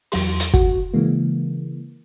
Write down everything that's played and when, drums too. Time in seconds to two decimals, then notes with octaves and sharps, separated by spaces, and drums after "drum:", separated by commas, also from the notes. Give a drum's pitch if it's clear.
0.12 E2 F#3 C6, drum: open hi-hat
0.40 drum: hi-hat
0.54 F#4, drum: kick
0.94 C#3 E3 G#3 A#3